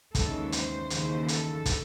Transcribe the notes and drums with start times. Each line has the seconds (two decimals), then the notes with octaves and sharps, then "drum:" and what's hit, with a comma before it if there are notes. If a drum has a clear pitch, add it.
0.15 D#2 C#3 E3 G#3 A4, drum: kick, hi-hat
0.52 C5, drum: hi-hat
0.90 D#2 C#3 E3, drum: hi-hat
1.28 A4, drum: hi-hat
1.66 drum: kick, hi-hat